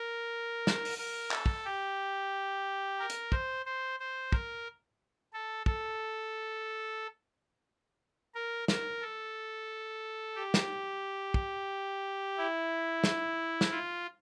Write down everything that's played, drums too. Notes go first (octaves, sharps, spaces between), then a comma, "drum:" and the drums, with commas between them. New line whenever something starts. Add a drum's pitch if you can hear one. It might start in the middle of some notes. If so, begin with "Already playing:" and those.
Already playing: A#4
drum: snare
drum: open hi-hat
A#4
A4, drum: clap
drum: kick
G4
A#4
drum: hi-hat
C5, drum: kick
C5
C5
A#4, drum: kick
A4
A4, drum: kick
A#4
A#4, drum: snare
A4
G4
drum: snare
drum: kick
E4
drum: snare
drum: snare
F4